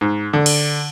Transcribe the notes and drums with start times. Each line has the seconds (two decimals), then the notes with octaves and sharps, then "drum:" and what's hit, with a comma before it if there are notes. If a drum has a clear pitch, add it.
0.01 G#2
0.33 D3
0.46 drum: cymbal